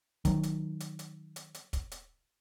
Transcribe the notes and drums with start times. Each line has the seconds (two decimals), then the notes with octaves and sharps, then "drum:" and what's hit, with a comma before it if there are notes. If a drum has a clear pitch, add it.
0.25 D#3 F#3, drum: kick, hi-hat
0.43 drum: hi-hat
0.80 drum: hi-hat
0.99 drum: hi-hat
1.36 drum: hi-hat
1.54 drum: hi-hat
1.73 drum: kick, hi-hat
1.91 drum: hi-hat